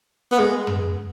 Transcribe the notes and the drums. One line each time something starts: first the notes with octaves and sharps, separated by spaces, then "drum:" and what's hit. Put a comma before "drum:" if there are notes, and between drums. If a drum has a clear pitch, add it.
B3
G#3
drum: tom